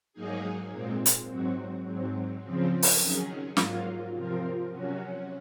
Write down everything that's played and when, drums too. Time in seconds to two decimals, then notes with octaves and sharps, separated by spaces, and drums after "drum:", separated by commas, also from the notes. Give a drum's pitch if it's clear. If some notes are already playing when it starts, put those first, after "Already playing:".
0.13 G#2 F#3 A#3 D#4 G#4
0.70 A#2 G#3 C4
1.06 drum: hi-hat
1.28 G#2 F#3 C4 F#4
1.85 G#2 F#3 C4
2.42 C#3 F3 C4
2.83 drum: open hi-hat
2.99 D#3 F#3 C#4 G#4
3.57 G#2 F#3 A#3 F4, drum: snare
4.14 C3 F3 C4 F4 A#4
4.71 C3 F#3 C#4 F#4